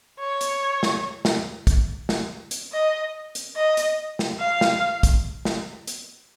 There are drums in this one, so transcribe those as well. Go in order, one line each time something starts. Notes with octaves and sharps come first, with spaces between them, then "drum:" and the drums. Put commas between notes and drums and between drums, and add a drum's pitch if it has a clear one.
C#5
drum: hi-hat
drum: snare
drum: snare
drum: kick, hi-hat
drum: snare
drum: hi-hat
D#5
drum: hi-hat
D#5
drum: hi-hat
drum: snare
F5
drum: snare
drum: kick, hi-hat
drum: snare
drum: hi-hat